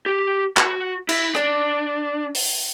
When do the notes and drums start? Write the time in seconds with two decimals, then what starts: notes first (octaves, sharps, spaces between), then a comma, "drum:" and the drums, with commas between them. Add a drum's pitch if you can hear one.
0.06 G4
0.57 F#4, drum: clap
1.09 E4, drum: cymbal
1.35 D4, drum: rim click
2.35 drum: open hi-hat